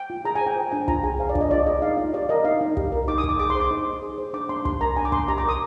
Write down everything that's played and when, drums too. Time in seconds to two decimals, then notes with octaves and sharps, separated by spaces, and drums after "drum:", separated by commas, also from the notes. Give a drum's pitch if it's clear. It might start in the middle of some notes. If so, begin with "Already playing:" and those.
Already playing: G5
0.10 F4
0.25 G#4 A#5
0.35 G#5
0.41 C5
0.46 G5
0.56 C5
0.72 D4 G#5
0.88 F4 A#5, drum: kick
1.03 G#4 G#5
1.19 C5 F5
1.29 D5
1.35 D4, drum: kick
1.41 D#5
1.51 F4 D5
1.66 G#4 D#5
1.82 D#4 F5
1.98 D#4
2.14 G4 D5
2.29 A#4 D#5
2.45 D#4 F5
2.61 D#4
2.77 G4, drum: kick
2.92 A#4
3.08 D#4 D6
3.18 D#6
3.24 D#4, drum: kick
3.29 D6
3.39 G#4 D6
3.50 C6
3.55 C5
3.60 D6
3.71 D#4
3.87 D#4
4.02 G#4
4.18 C5
4.33 D4 D6
4.49 D4 C6
4.65 G4 C6, drum: kick
4.81 A#4 A#5
4.96 D4 G#5
5.05 D6
5.12 D4 C6, drum: kick
5.28 G4 A#5
5.38 D6
5.44 A#4 D#6